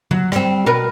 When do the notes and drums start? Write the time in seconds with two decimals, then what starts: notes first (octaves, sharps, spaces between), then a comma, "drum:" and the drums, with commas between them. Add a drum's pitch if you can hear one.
0.11 F#3, drum: tom D3
0.32 G3 C4, drum: rim click
0.66 B2 A#4 B4